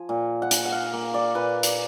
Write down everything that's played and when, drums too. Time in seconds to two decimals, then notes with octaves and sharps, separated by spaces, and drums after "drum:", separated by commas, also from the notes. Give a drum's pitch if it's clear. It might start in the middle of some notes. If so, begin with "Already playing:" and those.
Already playing: F3 G#5
0.09 A#2
0.42 F#5
0.51 A#3 G#5, drum: hi-hat
0.65 F#5
0.72 F5
0.93 A#3
1.14 D5
1.35 A#2 B4
1.63 drum: hi-hat